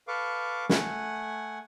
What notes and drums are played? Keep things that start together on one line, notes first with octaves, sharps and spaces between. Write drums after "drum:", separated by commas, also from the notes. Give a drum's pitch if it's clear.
A4 B4 F5 C#6 D6
A3 F#5 G#5, drum: snare